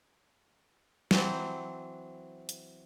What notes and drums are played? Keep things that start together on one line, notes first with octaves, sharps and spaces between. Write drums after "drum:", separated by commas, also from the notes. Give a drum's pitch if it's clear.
E3 F#3 C4, drum: snare
drum: hi-hat